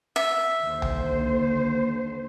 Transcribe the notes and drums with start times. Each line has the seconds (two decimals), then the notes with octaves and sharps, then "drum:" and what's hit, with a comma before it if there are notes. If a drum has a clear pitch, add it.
0.16 E5
0.62 D#2 D3 C5
0.82 drum: tom C2